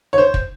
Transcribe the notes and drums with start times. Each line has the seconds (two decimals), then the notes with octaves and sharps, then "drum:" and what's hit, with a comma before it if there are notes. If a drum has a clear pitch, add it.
0.13 C#5
0.18 C5
0.34 drum: kick